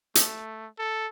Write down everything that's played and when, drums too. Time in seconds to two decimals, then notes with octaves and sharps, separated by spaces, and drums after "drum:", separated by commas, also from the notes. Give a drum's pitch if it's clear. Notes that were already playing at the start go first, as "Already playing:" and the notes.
0.15 A3, drum: hi-hat
0.78 A4